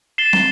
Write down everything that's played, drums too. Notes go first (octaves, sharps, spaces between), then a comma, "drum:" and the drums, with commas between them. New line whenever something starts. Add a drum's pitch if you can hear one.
A6 C7 E7 G7
drum: snare